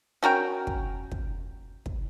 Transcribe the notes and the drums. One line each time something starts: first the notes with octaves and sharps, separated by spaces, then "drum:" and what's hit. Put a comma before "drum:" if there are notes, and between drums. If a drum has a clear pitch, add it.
C#4 F#4 A#4 G5
drum: kick
drum: kick
drum: kick